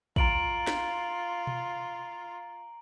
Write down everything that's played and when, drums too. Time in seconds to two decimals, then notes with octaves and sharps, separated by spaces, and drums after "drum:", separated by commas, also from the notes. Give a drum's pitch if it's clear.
0.16 F4 A#5 D7 F#7, drum: kick
0.67 drum: snare
1.47 drum: tom B2